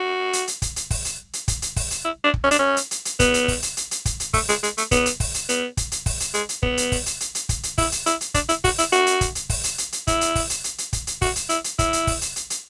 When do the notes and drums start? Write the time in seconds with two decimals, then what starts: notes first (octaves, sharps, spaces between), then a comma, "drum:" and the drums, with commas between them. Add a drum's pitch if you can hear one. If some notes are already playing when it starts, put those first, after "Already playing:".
Already playing: F#4
0.33 drum: hi-hat
0.48 drum: hi-hat
0.62 drum: kick, hi-hat
0.76 drum: hi-hat
0.90 drum: kick, open hi-hat
1.05 drum: hi-hat
1.33 drum: hi-hat
1.48 drum: kick, hi-hat
1.62 drum: hi-hat
1.76 drum: kick, open hi-hat
1.91 drum: hi-hat
2.05 E4
2.24 D4
2.34 drum: kick
2.44 C#4
2.51 D4, drum: hi-hat
2.59 C#4
2.77 drum: hi-hat
2.91 drum: hi-hat
3.05 drum: hi-hat
3.20 B3, drum: kick, hi-hat
3.34 drum: hi-hat
3.48 drum: kick, open hi-hat
3.62 drum: hi-hat
3.77 drum: hi-hat
3.91 drum: hi-hat
4.05 drum: kick, hi-hat
4.20 drum: hi-hat
4.33 A3, drum: kick, open hi-hat
4.49 G#3, drum: hi-hat
4.63 G#3, drum: hi-hat
4.78 A3, drum: hi-hat
4.91 B3, drum: kick, hi-hat
5.06 drum: hi-hat
5.20 drum: kick, open hi-hat
5.34 drum: hi-hat
5.49 B3, drum: hi-hat
5.77 drum: kick, hi-hat
5.92 drum: hi-hat
6.06 drum: kick, open hi-hat
6.20 drum: hi-hat
6.34 G#3, drum: hi-hat
6.49 drum: hi-hat
6.63 B3, drum: kick
6.77 drum: hi-hat
6.92 drum: kick, open hi-hat
7.06 drum: hi-hat
7.20 drum: hi-hat
7.35 drum: hi-hat
7.49 drum: kick, hi-hat
7.63 drum: hi-hat
7.78 E4, drum: kick, open hi-hat
7.92 drum: hi-hat
8.06 E4, drum: hi-hat
8.21 drum: hi-hat
8.34 D4, drum: kick, hi-hat
8.49 E4, drum: hi-hat
8.64 F#4, drum: kick, open hi-hat
8.78 E4, drum: hi-hat
8.92 F#4, drum: hi-hat
9.07 drum: hi-hat
9.21 drum: kick, hi-hat
9.35 drum: hi-hat
9.49 drum: kick, open hi-hat
9.64 drum: hi-hat
9.78 drum: hi-hat
9.92 drum: hi-hat
10.07 E4, drum: kick, hi-hat
10.21 drum: hi-hat
10.35 drum: kick, open hi-hat
10.50 drum: hi-hat
10.64 drum: hi-hat
10.78 drum: hi-hat
10.93 drum: kick, hi-hat
11.07 drum: hi-hat
11.22 F#4, drum: kick, open hi-hat
11.36 drum: hi-hat
11.49 E4, drum: hi-hat
11.64 drum: hi-hat
11.79 E4, drum: kick, hi-hat
11.93 drum: hi-hat
12.07 drum: kick, open hi-hat
12.22 drum: hi-hat
12.36 drum: hi-hat
12.50 drum: hi-hat